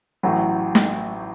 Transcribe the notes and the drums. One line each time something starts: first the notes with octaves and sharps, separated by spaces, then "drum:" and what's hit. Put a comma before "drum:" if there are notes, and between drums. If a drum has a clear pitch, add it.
A1 A2 F#3
drum: snare